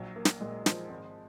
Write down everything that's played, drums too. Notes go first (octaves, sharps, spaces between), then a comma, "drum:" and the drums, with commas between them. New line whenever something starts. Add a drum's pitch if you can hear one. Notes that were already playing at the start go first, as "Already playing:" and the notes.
Already playing: A#1 F#3
A#3
drum: snare
A#2 G#3
F3, drum: snare
G#1